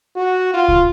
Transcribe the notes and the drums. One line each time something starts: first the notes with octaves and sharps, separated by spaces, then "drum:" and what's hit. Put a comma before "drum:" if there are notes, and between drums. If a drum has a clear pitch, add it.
F#4
F4
drum: kick